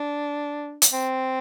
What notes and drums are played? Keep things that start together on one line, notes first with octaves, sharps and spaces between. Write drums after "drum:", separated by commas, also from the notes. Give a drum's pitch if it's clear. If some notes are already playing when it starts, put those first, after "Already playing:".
Already playing: D4
drum: hi-hat
C4